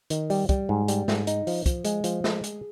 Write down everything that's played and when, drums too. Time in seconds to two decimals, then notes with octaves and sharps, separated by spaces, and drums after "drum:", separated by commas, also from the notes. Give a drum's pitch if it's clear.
0.10 D#3, drum: hi-hat
0.30 G3, drum: open hi-hat
0.49 G3, drum: kick, hi-hat
0.69 G#2
0.88 G3, drum: hi-hat
1.08 G#2, drum: snare
1.27 D#4, drum: hi-hat
1.47 F3, drum: open hi-hat
1.66 F3, drum: kick, hi-hat
1.85 G#3, drum: hi-hat
2.04 F3, drum: hi-hat
2.24 G#3, drum: snare
2.44 G#4, drum: hi-hat